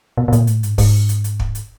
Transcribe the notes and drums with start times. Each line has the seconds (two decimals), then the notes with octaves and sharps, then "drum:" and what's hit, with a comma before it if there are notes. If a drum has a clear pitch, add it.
0.17 B2
0.28 B2
0.33 A#2, drum: hi-hat
0.47 A2, drum: hi-hat
0.63 G#2, drum: hi-hat
0.78 G#2, drum: kick, open hi-hat
1.09 drum: hi-hat
1.24 drum: hi-hat
1.39 drum: kick
1.55 drum: hi-hat